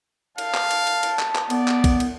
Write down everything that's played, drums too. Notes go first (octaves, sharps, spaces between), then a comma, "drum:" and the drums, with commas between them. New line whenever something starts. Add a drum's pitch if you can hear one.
F5 A5, drum: cymbal
drum: clap
drum: cymbal
drum: cymbal
drum: cymbal
drum: clap
drum: clap
B3 D5, drum: cymbal
drum: clap
drum: kick A#1, cymbal
drum: cymbal